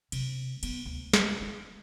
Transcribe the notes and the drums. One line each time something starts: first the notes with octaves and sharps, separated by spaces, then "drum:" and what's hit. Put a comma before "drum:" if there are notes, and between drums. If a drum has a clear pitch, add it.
C3, drum: cymbal
B3, drum: cymbal
D2
drum: snare
E4